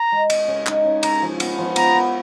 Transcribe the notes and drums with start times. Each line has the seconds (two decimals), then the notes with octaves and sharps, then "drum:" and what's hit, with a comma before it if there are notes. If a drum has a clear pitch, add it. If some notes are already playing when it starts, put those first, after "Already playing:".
Already playing: A#5
0.12 G#3
0.30 G#3, drum: cymbal
0.48 C#3
0.67 D#4, drum: clap
0.85 C#3
1.03 C#3 A#5, drum: cymbal
1.22 F3
1.40 B3, drum: cymbal
1.58 F3
1.76 B3 A#5, drum: cymbal
1.94 B3